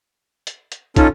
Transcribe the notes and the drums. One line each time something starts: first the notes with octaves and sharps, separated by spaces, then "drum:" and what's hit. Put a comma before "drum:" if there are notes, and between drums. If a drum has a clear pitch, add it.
drum: hi-hat
drum: hi-hat
C#4 D#4 F4 A4, drum: kick, hi-hat